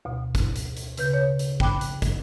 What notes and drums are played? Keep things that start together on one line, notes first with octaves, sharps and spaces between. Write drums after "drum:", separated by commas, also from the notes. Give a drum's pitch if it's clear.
D2 B2
drum: kick, hi-hat
drum: hi-hat
drum: hi-hat
C#3 B4 G6, drum: hi-hat
C#5
drum: hi-hat
G5 B5 D6 F#6, drum: kick
drum: hi-hat
drum: kick, hi-hat